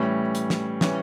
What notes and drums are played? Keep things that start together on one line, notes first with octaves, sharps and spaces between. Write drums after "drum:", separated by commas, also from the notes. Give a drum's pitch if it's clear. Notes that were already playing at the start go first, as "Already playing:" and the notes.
Already playing: A2 E3 G3 C#4
drum: hi-hat
drum: snare
E3 G3 C#4, drum: snare